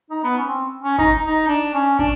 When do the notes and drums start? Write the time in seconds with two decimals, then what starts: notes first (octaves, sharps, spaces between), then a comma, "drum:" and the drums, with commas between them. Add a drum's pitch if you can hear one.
0.10 D#4
0.23 B3
0.37 C#4
0.48 C4
0.82 C#4
0.98 D#4, drum: kick
1.25 D#4
1.48 D4
1.74 C#4
1.99 D4, drum: kick